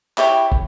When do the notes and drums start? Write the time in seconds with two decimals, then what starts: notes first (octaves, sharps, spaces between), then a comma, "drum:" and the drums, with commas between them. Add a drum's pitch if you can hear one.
0.18 E4 G4 C#5, drum: clap
0.52 drum: kick